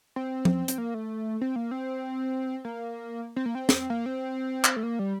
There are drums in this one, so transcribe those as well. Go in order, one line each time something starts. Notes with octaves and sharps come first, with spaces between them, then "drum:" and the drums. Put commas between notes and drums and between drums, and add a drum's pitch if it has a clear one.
C4
drum: tom F3
C4, drum: hi-hat
A#3
A3
C4
A#3
C4
A#3
C4
A#3
C4
drum: snare
A#3
C4
drum: clap
A3
A#3
G3